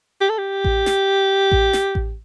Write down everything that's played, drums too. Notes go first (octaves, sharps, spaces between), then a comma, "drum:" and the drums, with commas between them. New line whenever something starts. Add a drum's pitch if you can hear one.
G4
A4
G4
drum: kick A1
drum: snare
drum: kick A1
drum: snare
drum: kick A1